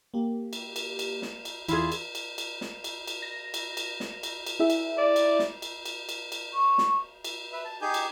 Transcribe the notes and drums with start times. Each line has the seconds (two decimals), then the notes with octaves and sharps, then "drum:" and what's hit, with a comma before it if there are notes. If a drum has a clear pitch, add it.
0.14 A#3 G4
0.53 drum: cymbal
0.76 drum: cymbal
0.99 drum: cymbal
1.22 drum: snare
1.45 drum: cymbal
1.68 E2 E4 F4 G#4, drum: cymbal
1.92 drum: cymbal
2.15 drum: cymbal
2.38 drum: cymbal
2.61 drum: snare
2.84 drum: cymbal
3.07 drum: cymbal
3.22 A#6
3.54 drum: cymbal
3.77 drum: cymbal
4.00 drum: snare
4.23 drum: cymbal
4.46 drum: cymbal
4.60 E4 G#4 E5
4.70 drum: cymbal
4.98 D5
5.16 drum: cymbal
5.39 drum: snare
5.62 drum: cymbal
5.85 drum: cymbal
6.09 drum: cymbal
6.32 drum: cymbal
6.54 C#6
6.78 drum: snare
7.24 drum: cymbal
7.52 B4 E5
7.65 A5
7.81 D#4 G4 G#4 G#5 G6
7.94 drum: cymbal